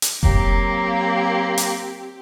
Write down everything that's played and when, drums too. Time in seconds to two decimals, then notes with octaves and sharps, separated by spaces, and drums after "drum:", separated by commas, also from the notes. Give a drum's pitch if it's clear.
0.02 drum: hi-hat
0.23 F#3 A#3 C4 G4, drum: kick F1
1.58 drum: hi-hat